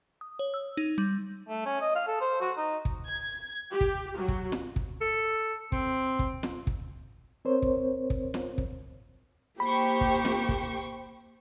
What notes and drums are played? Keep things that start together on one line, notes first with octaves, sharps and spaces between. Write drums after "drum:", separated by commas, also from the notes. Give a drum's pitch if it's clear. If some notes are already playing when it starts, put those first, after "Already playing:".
D#6
C#5
E6
D#4
G3
A3
C#4
D#5
F5
A4
C5
F#4
D#4
drum: kick
G#6
G4
drum: kick
F#3
drum: kick
drum: snare
drum: kick
A4
C4, drum: kick
drum: kick
drum: snare
drum: kick
C4 A#4 C5 C#5
drum: kick
drum: kick
drum: snare
drum: kick
A#3 G4 C5 G5 B5 C#6
drum: kick
drum: snare
drum: kick